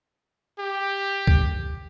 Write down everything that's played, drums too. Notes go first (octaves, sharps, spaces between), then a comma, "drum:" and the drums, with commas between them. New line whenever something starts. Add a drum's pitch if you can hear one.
G4
drum: kick C#2